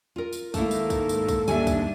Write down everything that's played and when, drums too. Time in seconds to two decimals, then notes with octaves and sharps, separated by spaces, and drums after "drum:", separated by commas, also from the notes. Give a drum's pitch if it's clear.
0.16 F4 A#4
0.33 drum: tambourine
0.54 G#2 D#3 A3 A#3 E4 A4 A#4, drum: kick, tambourine
0.71 drum: tambourine
0.90 drum: kick, tambourine
1.09 drum: tambourine
1.28 drum: kick, tambourine
1.48 D#2 G#2 G3 G#3 D4 E5 G#5, drum: tambourine
1.67 drum: kick, tambourine